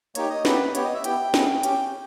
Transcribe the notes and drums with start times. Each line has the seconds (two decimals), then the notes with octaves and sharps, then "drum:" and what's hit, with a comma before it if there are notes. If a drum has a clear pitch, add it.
0.15 A#3 D#4 G4 C#5, drum: hi-hat
0.30 D#5
0.45 B3 E4 G4 B4, drum: snare
0.75 B3 G4 C#5, drum: hi-hat
0.84 D#5
0.94 E5
1.04 B3 E4 G4 G5, drum: hi-hat
1.34 B3 E4 G#4, drum: snare
1.63 C#4 G4, drum: hi-hat